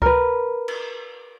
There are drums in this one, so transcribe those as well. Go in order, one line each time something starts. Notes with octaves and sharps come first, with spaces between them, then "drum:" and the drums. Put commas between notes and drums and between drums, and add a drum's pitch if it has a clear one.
A#4 B4, drum: kick C#2
drum: cymbal